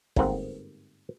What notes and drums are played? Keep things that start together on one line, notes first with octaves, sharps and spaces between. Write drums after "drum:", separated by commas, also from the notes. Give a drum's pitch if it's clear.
G1 G#2 A#3 C4 F#5, drum: kick